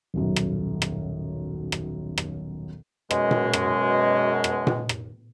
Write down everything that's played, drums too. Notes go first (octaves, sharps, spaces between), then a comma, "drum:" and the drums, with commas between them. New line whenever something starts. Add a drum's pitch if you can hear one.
D#1 B1 F#2
drum: rim click
drum: rim click
drum: rim click
drum: rim click
F#2 B2 G#3, drum: rim click
drum: tom A#2
drum: rim click
drum: rim click
drum: tom A#2
drum: rim click